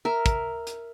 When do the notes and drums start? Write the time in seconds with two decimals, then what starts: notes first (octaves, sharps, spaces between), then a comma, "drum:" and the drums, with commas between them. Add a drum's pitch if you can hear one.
0.05 A#4 E5
0.26 drum: kick, hi-hat
0.67 drum: hi-hat